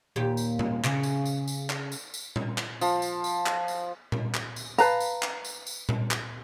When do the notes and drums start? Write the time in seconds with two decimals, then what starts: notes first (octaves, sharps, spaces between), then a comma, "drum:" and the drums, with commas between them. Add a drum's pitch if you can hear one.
0.16 D#2 A#2 G4
0.37 drum: tambourine
0.59 drum: tom A#2
0.84 C#3, drum: clap
1.03 drum: tambourine
1.25 drum: tambourine
1.48 drum: tambourine
1.70 drum: clap
1.92 drum: tambourine
2.14 drum: tambourine
2.36 drum: tom A#2
2.58 drum: clap
2.81 F3, drum: tambourine
3.02 drum: tambourine
3.24 drum: tambourine
3.46 drum: clap
3.68 drum: tambourine
4.12 drum: tom A#2
4.34 drum: clap
4.56 drum: tambourine
4.78 B4 F5 A5 A#5, drum: tambourine
5.00 drum: tambourine
5.23 drum: clap
5.45 drum: tambourine
5.67 drum: tambourine
5.89 drum: tom A#2
6.11 drum: clap